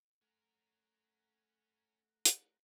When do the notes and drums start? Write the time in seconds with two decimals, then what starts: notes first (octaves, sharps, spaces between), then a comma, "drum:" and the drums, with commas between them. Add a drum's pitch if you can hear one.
0.22 A3 C#4 A#4 F#5 A#5
2.25 drum: hi-hat